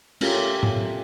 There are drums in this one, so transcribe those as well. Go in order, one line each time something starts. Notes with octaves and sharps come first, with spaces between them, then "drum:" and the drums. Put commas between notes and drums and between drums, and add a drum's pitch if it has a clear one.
A3 C#4 F4 G4 A#4, drum: cymbal
drum: tom A2